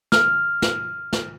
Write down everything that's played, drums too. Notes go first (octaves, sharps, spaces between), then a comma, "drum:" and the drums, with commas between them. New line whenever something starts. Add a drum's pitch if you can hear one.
F6, drum: snare
drum: snare
drum: snare